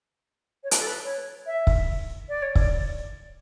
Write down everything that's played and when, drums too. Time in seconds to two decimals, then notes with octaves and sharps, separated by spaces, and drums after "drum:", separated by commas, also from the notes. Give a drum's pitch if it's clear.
0.64 C#5
0.71 B4, drum: hi-hat
0.79 A4
0.87 B4
1.04 C#5
1.47 E5
1.67 drum: kick
2.29 D5
2.42 C#5
2.55 D5, drum: kick